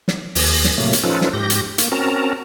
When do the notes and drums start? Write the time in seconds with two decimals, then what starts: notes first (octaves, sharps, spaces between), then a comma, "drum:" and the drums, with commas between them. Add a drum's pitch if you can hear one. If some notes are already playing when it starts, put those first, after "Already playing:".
0.08 drum: snare
0.35 D#2 A#6, drum: open hi-hat
0.65 drum: snare
0.78 A2 C3 F#3 A3 A#3
0.93 drum: hi-hat
1.03 F3 C#4 D#4 F4 A4 B4
1.21 drum: snare
1.33 G#2 G4 G6 A#6
1.50 drum: hi-hat
1.78 A#3, drum: hi-hat
1.92 C4 C#4 F#4 A#4 A5 A#5